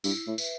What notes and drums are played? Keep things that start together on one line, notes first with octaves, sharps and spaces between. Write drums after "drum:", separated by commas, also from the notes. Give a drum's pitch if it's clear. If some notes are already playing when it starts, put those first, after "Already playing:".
G2 E4, drum: tambourine
A2
B4 E5, drum: tambourine